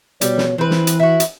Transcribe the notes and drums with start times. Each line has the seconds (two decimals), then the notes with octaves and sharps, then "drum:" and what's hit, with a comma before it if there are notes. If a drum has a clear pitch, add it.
0.21 B2 G3 C#5, drum: hi-hat
0.38 drum: snare
0.58 E3 C4 B4
0.71 drum: snare
0.87 drum: hi-hat
1.00 E4 F#4
1.20 drum: hi-hat